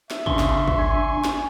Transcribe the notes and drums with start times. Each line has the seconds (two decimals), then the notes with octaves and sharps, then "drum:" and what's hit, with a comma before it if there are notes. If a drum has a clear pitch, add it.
0.11 E5, drum: snare
0.26 C#3 D4 C6 C#6, drum: kick
0.39 drum: snare
0.68 drum: kick
0.79 G#5
1.24 drum: snare